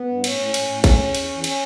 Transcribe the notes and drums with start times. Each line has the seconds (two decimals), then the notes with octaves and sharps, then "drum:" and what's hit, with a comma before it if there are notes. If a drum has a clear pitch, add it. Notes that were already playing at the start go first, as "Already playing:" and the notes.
Already playing: B3
0.09 G2
0.24 A2 C#4, drum: cymbal
0.39 A2
0.54 A2, drum: cymbal
0.69 A2
0.84 E2 C#4, drum: kick, cymbal
0.99 E2
1.15 E2, drum: cymbal
1.29 E2
1.44 C#4, drum: cymbal